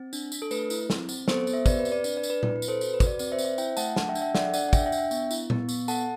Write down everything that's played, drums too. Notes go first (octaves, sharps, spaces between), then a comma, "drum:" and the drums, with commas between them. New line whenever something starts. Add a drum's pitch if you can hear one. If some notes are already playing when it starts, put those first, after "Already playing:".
Already playing: C4
D4, drum: tambourine
D4, drum: tambourine
A4
A3 B4, drum: tambourine
E4, drum: tambourine
C4, drum: snare
C4, drum: tambourine
B3 A4 C5, drum: snare
B3, drum: tambourine
C5 E5
G4 B4 D5, drum: kick, tambourine
B4
C4, drum: tambourine
B4 D5
D4 B4 D5, drum: tambourine
B4 D5
D4, drum: tambourine
B4
E4 B4, drum: tom A#2
B4
C4, drum: tambourine
A4 C5
F#4 B4, drum: tambourine
B4
F#4, drum: kick, tambourine
B4 D5
C4 B4 D5, drum: tambourine
C5 E5
C4, drum: tambourine
C5 E5
E4 E5 G5, drum: tambourine
A3 F#5 A5, drum: tambourine
D4 F#5 A5, drum: snare
E5 G5
D4, drum: tambourine
E5 G5
A4 D5 F#5, drum: snare
D4 D5 F#5, drum: tambourine
F#5
D4 E5 G5, drum: kick, tambourine
E5 G5
D4, drum: tambourine
E5 G5
B3, drum: tambourine
E4, drum: tambourine
B3, drum: tom A#2
B3, drum: tambourine
A4 F#5 A5, drum: tambourine